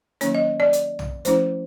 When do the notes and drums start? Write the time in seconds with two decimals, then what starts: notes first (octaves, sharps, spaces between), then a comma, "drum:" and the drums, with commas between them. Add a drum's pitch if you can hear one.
0.21 D#3 F#3 A#3 C#4 C#5, drum: hi-hat
0.35 D#5
0.60 D5
0.73 drum: hi-hat
0.99 drum: tom
1.25 F3 A3 C#4 E4 C5, drum: hi-hat